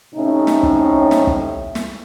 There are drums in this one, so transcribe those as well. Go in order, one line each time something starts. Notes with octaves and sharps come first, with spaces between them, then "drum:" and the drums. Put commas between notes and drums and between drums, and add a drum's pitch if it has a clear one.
A2 C3 C#4 D#4
drum: snare
drum: kick
drum: snare
drum: kick
drum: snare